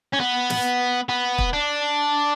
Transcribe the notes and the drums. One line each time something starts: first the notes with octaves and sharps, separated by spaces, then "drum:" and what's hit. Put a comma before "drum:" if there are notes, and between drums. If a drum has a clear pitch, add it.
C#4
B3
drum: snare
B3
drum: kick
D4